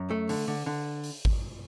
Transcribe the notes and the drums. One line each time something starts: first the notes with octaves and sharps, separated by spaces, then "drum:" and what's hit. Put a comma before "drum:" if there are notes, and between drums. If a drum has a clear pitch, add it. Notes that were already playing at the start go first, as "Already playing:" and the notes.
Already playing: F#2
A3
D3, drum: open hi-hat
D3
D3
drum: open hi-hat
drum: kick G#1